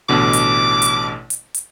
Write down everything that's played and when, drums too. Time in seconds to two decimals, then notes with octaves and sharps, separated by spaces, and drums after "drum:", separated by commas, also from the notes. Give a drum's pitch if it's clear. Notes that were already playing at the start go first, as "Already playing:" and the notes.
0.09 A1 B2 D3 D6
0.33 drum: hi-hat
0.82 drum: hi-hat
1.30 drum: hi-hat
1.54 drum: hi-hat